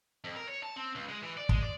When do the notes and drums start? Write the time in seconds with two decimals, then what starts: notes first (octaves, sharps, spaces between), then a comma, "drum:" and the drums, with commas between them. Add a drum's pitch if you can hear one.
0.24 F2
0.37 A#4
0.49 C#5
0.63 A5
0.77 C4
0.95 C#2
1.09 G#3
1.23 E3
1.37 D5
1.49 G#3, drum: kick
1.63 D5